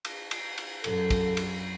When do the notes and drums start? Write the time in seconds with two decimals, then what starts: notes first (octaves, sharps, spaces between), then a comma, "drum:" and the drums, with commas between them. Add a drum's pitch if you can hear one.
0.05 drum: cymbal
0.31 drum: cymbal
0.58 drum: cymbal
0.84 F#2 A4, drum: cymbal
1.10 drum: kick, cymbal
1.37 drum: cymbal